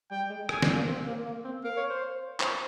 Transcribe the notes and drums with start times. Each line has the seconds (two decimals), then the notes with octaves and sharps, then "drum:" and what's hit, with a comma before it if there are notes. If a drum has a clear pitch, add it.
0.11 G3 G5
0.29 G#3
0.49 G#5, drum: rim click
0.62 G3, drum: snare
0.75 A#3
0.88 C4
1.07 A#3
1.26 A#3
1.44 C4
1.64 A#4 F5
1.77 C#5
1.89 C5
2.40 C5, drum: clap